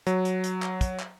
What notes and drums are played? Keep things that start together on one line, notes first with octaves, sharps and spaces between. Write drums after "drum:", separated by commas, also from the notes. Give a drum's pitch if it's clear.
F#3, drum: hi-hat
drum: hi-hat
drum: hi-hat
drum: clap
drum: kick, hi-hat
drum: clap